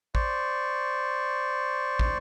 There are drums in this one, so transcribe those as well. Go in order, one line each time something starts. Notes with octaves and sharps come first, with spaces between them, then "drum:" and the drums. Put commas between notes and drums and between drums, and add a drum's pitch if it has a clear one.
C5 D5 C#6, drum: kick
drum: kick